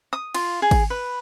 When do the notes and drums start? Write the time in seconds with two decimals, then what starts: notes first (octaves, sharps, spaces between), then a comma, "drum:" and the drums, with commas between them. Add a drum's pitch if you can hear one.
0.13 D#6
0.34 F4, drum: cymbal
0.62 G#4
0.71 drum: kick G#1, cymbal
0.90 B4